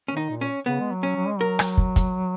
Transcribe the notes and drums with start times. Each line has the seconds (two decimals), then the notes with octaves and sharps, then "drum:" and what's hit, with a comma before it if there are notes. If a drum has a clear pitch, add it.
0.08 D#3 C#4
0.17 D#4
0.30 A#2
0.41 C#4
0.66 C#3 B3
0.80 G#3
0.91 F#3
1.03 C#4
1.16 F#3
1.28 G#3
1.39 F#3 A#4
1.59 drum: rim click
1.77 drum: kick
1.96 drum: kick, hi-hat